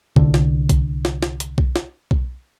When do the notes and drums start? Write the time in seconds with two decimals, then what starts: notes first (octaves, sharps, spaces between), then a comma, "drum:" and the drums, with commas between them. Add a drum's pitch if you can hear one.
0.16 C2 D3, drum: kick B1
0.34 drum: snare
0.69 drum: kick B1, hi-hat
1.05 drum: snare
1.23 drum: snare
1.40 drum: hi-hat
1.58 drum: kick B1
1.76 drum: snare
2.11 drum: kick B1